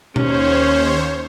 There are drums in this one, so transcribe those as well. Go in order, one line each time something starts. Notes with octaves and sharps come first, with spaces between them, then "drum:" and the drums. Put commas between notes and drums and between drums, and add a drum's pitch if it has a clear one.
D#2 C#4 C5 C#5, drum: tom B2